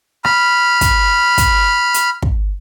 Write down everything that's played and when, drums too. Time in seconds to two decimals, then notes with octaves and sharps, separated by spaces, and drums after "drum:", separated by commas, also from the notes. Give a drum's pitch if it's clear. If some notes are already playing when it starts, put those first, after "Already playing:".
0.25 B5 F6, drum: rim click
0.81 drum: kick, hi-hat
1.38 drum: kick, hi-hat
1.94 drum: hi-hat
2.22 drum: kick